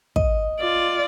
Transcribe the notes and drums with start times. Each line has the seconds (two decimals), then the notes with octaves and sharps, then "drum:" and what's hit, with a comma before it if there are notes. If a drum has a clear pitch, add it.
0.16 D#5, drum: kick
0.60 F4 D5